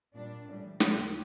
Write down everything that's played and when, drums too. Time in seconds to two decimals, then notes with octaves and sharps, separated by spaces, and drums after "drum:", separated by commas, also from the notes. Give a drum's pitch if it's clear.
0.14 A#2 G3 D4
0.47 A2 E3 G3
0.80 D#2 C#3 F3 A3, drum: snare